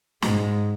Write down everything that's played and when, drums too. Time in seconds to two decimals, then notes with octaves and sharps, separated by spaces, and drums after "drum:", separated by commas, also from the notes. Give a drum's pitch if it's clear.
0.22 G#2 G#3, drum: snare